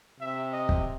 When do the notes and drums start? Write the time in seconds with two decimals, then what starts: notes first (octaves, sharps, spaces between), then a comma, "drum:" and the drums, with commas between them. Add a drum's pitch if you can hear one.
0.20 C3 E5
0.53 D#5
0.69 drum: kick